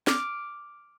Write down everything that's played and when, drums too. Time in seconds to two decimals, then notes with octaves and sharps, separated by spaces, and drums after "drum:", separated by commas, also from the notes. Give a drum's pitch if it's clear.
0.07 D6 F6, drum: snare